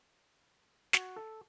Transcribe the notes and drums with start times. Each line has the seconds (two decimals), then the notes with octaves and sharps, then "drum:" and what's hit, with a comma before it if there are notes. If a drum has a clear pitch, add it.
0.93 F#4, drum: snare
1.16 A4